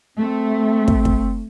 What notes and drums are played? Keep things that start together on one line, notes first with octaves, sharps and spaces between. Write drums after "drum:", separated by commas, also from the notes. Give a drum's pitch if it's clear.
A3 C4
drum: kick
drum: kick